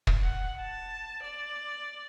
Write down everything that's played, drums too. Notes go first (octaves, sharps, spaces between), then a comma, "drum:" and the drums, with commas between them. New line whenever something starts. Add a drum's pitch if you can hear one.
drum: kick
F#5
A5
D5